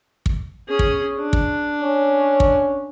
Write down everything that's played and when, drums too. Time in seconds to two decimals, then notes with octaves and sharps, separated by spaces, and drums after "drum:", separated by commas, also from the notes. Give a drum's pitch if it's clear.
0.26 drum: kick
0.68 C#4 G#4
0.79 drum: kick
1.19 D4
1.33 drum: kick
1.82 C#4
2.40 drum: kick